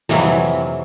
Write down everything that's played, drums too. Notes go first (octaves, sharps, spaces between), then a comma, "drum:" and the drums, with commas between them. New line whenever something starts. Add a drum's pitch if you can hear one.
F2 C3 E3 F#3, drum: snare